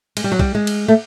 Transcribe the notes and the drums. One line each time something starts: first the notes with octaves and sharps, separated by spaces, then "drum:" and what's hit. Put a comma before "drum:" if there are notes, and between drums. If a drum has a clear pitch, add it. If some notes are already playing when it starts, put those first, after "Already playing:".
G#3, drum: cymbal
G3
F#3
G3, drum: kick B1
G#3
drum: cymbal
A3